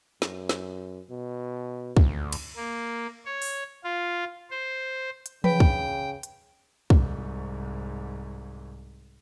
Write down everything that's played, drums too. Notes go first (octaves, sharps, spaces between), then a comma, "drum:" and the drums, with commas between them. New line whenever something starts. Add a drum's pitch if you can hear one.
F#2, drum: snare
drum: snare
B2
D2, drum: kick
drum: cymbal
A#3
C#5
drum: open hi-hat
F4
C5
drum: hi-hat
C#3 B4 G5, drum: tom E3
drum: kick
drum: hi-hat
C2 G#2, drum: kick